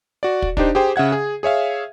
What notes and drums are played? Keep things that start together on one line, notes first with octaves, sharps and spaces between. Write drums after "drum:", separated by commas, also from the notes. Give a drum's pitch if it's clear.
F#4 D5
drum: kick
D4 D#4 G4 C5, drum: kick
G4 G#4 C5 G5
C#3 E5 F#5 G#6
G#4
G#4 C#5 E5 F5